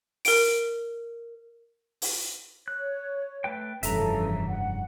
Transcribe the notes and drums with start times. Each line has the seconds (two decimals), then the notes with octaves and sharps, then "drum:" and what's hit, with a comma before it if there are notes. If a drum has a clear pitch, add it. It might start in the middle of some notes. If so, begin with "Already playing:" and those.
0.25 A#4 D7, drum: open hi-hat
2.02 drum: open hi-hat
2.68 C#5 F#6
3.44 A3 B4 G5
3.83 F1 G2 C#3 E3 F3 A4 E5 A#5, drum: hi-hat
4.46 F#5